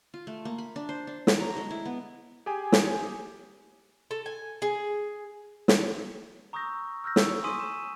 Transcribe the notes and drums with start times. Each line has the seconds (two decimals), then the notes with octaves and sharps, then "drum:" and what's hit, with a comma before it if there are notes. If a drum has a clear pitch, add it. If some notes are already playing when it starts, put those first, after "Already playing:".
0.14 F4
0.27 A3
0.45 A#3
0.58 B5
0.76 D4
0.89 C5
1.07 D4
1.27 F#3, drum: snare
1.41 A#5
1.56 G#3
1.71 E4
1.85 B3
2.46 G4 G#4 G#5
2.72 drum: snare
4.11 A4
4.26 G#5
4.62 G#4
5.68 drum: snare
6.53 A#5 C#6 D#6 E6 G6 A#6
7.04 E6 F6 G6 A#6
7.16 drum: snare
7.44 G#5 C6 C#6 D#6 B6 D#7
7.60 E7